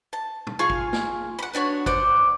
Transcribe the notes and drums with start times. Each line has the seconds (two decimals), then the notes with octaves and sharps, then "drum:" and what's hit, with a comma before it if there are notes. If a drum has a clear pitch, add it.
0.13 A5
0.47 drum: tom A#2
0.59 F4 G#4 F5 C#6
0.70 drum: kick
0.93 drum: snare
1.39 F#5 B5
1.54 B3 D4 F#4 C#5
1.86 C5 D5 F#5, drum: kick